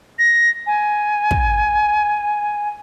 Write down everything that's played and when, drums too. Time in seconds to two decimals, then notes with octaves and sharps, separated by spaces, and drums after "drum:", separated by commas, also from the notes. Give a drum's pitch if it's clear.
0.19 A#6
0.67 G#5
1.31 drum: kick